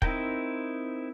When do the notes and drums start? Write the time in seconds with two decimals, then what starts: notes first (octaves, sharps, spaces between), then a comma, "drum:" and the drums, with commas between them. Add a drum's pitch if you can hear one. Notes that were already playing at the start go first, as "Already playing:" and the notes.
0.02 C4 D#4 E4 A#4 G5, drum: kick